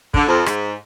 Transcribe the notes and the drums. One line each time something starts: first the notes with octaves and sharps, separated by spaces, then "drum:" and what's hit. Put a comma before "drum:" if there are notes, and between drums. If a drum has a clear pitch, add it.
D3, drum: kick
F2
G#2, drum: rim click